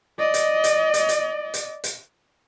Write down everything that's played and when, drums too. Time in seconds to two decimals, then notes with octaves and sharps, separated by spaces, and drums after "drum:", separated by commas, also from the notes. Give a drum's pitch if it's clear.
0.19 D5 D#5
0.34 drum: hi-hat
0.64 drum: hi-hat
0.94 drum: hi-hat
1.09 drum: hi-hat
1.54 drum: hi-hat
1.84 drum: hi-hat